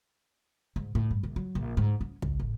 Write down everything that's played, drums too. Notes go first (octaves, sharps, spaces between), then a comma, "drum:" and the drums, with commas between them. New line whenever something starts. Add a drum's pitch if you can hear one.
G#2
A2
G2
A#1
F#3
A#1
G#2
C#4
C#2, drum: kick
A2